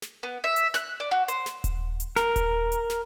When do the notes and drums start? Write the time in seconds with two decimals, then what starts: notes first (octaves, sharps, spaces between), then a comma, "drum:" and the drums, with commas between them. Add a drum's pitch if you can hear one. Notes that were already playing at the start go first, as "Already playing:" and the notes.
0.02 drum: snare
0.23 B3
0.44 E5
0.56 drum: hi-hat
0.74 F#6, drum: snare
1.00 D5
1.11 F#4
1.28 C5, drum: hi-hat
1.46 drum: snare
1.64 drum: kick D#1, hi-hat
2.00 drum: hi-hat
2.16 A#4, drum: snare
2.36 drum: kick D#1, hi-hat
2.72 drum: hi-hat
2.90 drum: snare